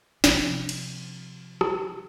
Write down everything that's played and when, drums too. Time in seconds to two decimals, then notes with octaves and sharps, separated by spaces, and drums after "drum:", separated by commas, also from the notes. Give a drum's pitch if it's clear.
0.24 C3 F3, drum: snare
0.69 drum: cymbal
1.61 drum: rim click